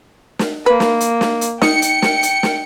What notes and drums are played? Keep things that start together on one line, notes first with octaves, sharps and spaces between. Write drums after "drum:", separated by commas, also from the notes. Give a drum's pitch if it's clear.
drum: snare
A#3 B4
drum: snare
drum: hi-hat
drum: snare
drum: hi-hat
D#4 G5 C#7, drum: snare
drum: hi-hat
drum: snare
drum: hi-hat
drum: snare